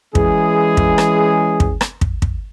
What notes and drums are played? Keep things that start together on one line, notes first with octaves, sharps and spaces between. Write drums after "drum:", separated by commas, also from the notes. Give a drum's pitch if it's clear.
E3 G#3 C#4 G#4, drum: kick
drum: kick
drum: rim click
drum: kick
drum: rim click
drum: kick
drum: kick